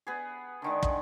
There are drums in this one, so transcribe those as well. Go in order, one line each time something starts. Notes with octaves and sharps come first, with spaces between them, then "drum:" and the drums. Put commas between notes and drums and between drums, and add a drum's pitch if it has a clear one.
B3 G#4
D3 D#3 G#3
drum: kick